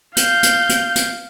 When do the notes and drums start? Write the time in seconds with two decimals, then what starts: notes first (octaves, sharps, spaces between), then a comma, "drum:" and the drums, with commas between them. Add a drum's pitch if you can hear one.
0.17 F5 G6, drum: hi-hat
0.43 drum: hi-hat
0.69 drum: hi-hat
0.96 drum: hi-hat